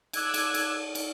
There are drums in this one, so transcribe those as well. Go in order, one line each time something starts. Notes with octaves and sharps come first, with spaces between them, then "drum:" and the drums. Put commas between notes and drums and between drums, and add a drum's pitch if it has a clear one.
D6 E6 F#6 G#6, drum: cymbal
drum: cymbal
drum: cymbal
drum: cymbal